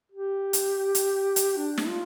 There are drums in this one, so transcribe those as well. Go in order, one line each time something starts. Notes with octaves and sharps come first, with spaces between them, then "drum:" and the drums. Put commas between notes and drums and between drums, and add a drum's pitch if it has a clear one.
G4
drum: hi-hat
drum: hi-hat
drum: hi-hat
D4
drum: snare
F4